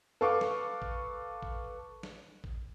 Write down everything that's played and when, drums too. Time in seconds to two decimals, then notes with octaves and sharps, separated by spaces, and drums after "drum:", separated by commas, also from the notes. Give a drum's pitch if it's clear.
0.21 A4 B4 F5 C#6 D6
0.41 drum: snare
0.82 drum: kick
1.43 drum: kick
2.03 drum: snare
2.44 drum: kick